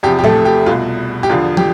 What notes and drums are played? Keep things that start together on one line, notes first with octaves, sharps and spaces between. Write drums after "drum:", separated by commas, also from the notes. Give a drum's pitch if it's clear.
E2 C3 F3 G4
G4
A3 A4, drum: tom A2
G4
C2 B2 F4
G4
E2 D3 F3 F4
G4, drum: tom